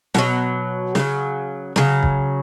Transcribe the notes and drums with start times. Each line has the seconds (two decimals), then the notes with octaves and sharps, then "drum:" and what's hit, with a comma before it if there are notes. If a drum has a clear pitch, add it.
0.14 B2 F#3, drum: snare
0.95 C#3 F#3, drum: snare
1.76 C#3 F#3, drum: snare
2.03 drum: kick